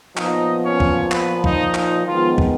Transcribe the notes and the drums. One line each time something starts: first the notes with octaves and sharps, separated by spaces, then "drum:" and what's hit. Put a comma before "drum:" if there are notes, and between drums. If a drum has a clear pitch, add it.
A#2 F3 B3 D#4 D#5, drum: clap
C#4 C#5
drum: kick
B3 B4, drum: clap
D#4, drum: kick
D#4, drum: clap
D#3 F3 G#3 B3 F4
drum: kick